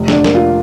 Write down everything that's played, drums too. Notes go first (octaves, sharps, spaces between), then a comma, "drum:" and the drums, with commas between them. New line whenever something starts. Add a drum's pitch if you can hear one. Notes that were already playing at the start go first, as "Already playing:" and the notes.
Already playing: F1
D3 D4, drum: snare
A#3, drum: snare
F4